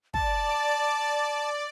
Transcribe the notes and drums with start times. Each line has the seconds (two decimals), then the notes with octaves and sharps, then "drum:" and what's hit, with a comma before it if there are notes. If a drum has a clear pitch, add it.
0.14 D5 A5, drum: kick